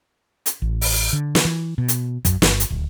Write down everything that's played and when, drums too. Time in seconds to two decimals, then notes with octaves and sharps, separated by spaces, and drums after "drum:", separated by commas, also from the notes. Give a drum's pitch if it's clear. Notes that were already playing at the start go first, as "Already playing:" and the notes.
0.46 drum: hi-hat
0.62 A1
0.81 drum: open hi-hat
1.13 D3
1.35 drum: snare
1.45 E3
1.78 B2
1.88 drum: hi-hat
2.25 F#2, drum: kick, hi-hat
2.42 G1, drum: snare
2.60 drum: hi-hat
2.70 D1